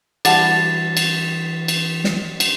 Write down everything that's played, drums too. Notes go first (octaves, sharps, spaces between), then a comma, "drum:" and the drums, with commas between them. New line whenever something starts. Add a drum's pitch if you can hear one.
E3 G3 E4 F#4 G#4 F#5 A5 A6, drum: cymbal
drum: cymbal
drum: cymbal
drum: snare
drum: cymbal